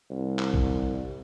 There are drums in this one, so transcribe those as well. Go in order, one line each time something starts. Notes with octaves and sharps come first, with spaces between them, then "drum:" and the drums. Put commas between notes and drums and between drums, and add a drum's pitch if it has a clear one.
C2
drum: clap
drum: kick A#1